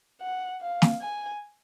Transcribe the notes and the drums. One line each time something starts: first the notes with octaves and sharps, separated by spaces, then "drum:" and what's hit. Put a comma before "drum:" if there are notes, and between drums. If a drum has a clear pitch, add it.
F#5
F5
drum: snare
G#5